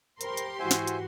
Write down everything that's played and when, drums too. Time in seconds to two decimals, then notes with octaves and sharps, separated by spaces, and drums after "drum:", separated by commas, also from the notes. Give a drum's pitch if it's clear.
0.21 G4 A#4 C5 B5 C6, drum: hi-hat
0.37 drum: hi-hat
0.59 G#2 E3 E4 F#4 C5 E5 F#5 G#5
0.71 drum: snare
0.87 drum: hi-hat